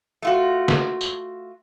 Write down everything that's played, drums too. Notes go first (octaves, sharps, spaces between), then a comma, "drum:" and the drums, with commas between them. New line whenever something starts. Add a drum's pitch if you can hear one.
A3 F4 F#4
drum: snare
drum: tambourine